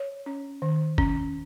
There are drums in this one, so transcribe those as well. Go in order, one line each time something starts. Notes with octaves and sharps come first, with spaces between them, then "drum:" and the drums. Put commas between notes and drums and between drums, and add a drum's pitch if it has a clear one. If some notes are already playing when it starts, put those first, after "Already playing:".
Already playing: C#5
C#4
D#3
C#4, drum: kick F#1